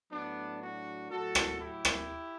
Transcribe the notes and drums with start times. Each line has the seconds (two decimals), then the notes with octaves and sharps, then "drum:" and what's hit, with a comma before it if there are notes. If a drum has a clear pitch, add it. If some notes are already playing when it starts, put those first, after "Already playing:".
0.11 A2 F#3 B3 D4
0.61 D4 F#4
1.10 A2 F#3 F#4 A4
1.35 drum: rim click
1.60 E4 G4
1.85 drum: rim click